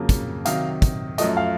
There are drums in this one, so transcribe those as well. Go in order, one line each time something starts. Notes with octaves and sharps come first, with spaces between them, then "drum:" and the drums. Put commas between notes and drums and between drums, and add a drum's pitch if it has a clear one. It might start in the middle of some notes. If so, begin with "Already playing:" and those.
Already playing: F2 C#3 F#3 A#3
drum: kick, hi-hat
C3 D#3 F#3 F5, drum: hi-hat
drum: kick, hi-hat
F#2 F3 A3 D#5, drum: hi-hat
F5